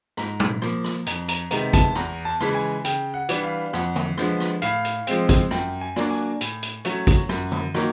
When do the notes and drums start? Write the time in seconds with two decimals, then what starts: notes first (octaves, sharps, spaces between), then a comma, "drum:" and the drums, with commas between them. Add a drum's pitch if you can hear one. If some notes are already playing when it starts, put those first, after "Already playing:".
0.17 G#2 A#5, drum: rim click
0.40 drum: tom
0.62 F3 A#3, drum: rim click
0.84 drum: rim click
1.07 F2 A#5, drum: hi-hat
1.28 A#5, drum: hi-hat
1.51 C3 D#3 G#3 B3 A#5, drum: hi-hat
1.73 A5, drum: kick G#1, hi-hat
1.95 E2 A#5, drum: rim click
2.25 A5
2.40 C#3 E3 G#3, drum: rim click
2.55 G#5
2.85 C#3 G5, drum: hi-hat
3.14 F#5
3.29 E3 G3 B3 D4, drum: hi-hat
3.43 F5
3.73 F2 F#5, drum: rim click
3.96 drum: tom D3
4.17 D3 F3 G#3 B3, drum: rim click
4.40 drum: rim click
4.62 A2 F5, drum: hi-hat
4.85 drum: hi-hat
5.07 F3 G#3 C4, drum: hi-hat
5.29 drum: kick G#1, hi-hat
5.51 F#2 G5, drum: rim click
5.81 G#5
5.96 D3 F#3 A#3 D4, drum: rim click
6.10 G#5
6.41 A2, drum: hi-hat
6.63 drum: hi-hat
6.85 F#3 A3 C#4, drum: hi-hat
7.07 drum: kick G#1, hi-hat
7.29 F#2, drum: rim click
7.52 drum: tom D3
7.74 D#3 F#3 A#3, drum: rim click